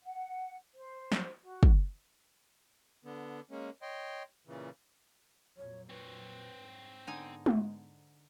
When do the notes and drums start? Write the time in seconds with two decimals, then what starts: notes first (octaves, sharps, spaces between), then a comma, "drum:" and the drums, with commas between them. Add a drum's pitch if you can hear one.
0.03 F#5
0.75 C5
1.12 drum: snare
1.43 F#4
1.63 drum: kick
3.04 D3 B3
3.51 G#3 A#3 C#4
3.82 C#5 D#5 G5 C6
4.47 A#2 C#3 E3
5.57 F2 A#2 F#3 C#5
5.89 C4 B4 C#5
6.56 G#2
7.07 D3 B3 D#4 G#5
7.46 drum: tom G#3